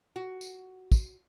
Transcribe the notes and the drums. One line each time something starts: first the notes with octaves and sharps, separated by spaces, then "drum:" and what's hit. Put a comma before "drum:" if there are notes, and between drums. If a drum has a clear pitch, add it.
F#4
drum: tambourine
drum: kick, tambourine